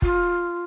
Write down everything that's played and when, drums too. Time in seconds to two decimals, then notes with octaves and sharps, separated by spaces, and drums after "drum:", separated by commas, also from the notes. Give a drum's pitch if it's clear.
0.02 F4, drum: kick